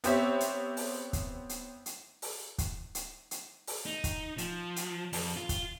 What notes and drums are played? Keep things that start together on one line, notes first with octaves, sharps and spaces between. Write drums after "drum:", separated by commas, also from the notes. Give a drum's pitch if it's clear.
B3 C4 G4 C5 C#5 E5, drum: hi-hat
drum: hi-hat
drum: open hi-hat
drum: kick, hi-hat
drum: hi-hat
drum: hi-hat
drum: open hi-hat
drum: kick, hi-hat
drum: hi-hat
drum: hi-hat
drum: open hi-hat
D#4
drum: kick, hi-hat
F3, drum: hi-hat
drum: hi-hat
F2, drum: open hi-hat
F4
drum: kick, hi-hat